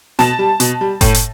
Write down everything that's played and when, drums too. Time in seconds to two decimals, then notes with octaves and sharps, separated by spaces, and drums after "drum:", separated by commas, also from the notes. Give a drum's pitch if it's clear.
0.19 B2 A5, drum: snare
0.39 G3
0.60 B2, drum: hi-hat
0.81 G3
1.01 A2, drum: kick F#1, hi-hat
1.14 drum: hi-hat